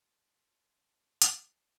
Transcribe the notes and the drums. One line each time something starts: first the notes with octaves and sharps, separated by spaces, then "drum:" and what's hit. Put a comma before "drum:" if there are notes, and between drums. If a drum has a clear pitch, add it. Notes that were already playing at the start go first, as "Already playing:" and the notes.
C#4 F4 F#5 A5 C6
drum: hi-hat